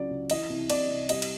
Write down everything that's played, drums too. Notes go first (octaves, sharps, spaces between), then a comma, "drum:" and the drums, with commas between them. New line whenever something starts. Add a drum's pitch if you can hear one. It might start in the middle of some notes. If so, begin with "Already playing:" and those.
Already playing: C#2 C#3 F#3 D5
C#2
E3 D#5, drum: cymbal
C2
C3 D5, drum: cymbal
C2
G3 D#5, drum: cymbal
drum: cymbal